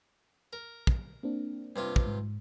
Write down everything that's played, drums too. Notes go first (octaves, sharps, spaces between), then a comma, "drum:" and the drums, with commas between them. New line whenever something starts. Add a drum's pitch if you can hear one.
A#4
drum: kick
A#3 C4 D4
G2 C3 F4
drum: kick
G#2